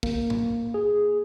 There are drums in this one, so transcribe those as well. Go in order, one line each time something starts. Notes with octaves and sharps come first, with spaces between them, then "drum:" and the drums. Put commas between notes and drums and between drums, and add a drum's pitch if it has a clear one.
A#3, drum: kick
drum: tom A2
G#4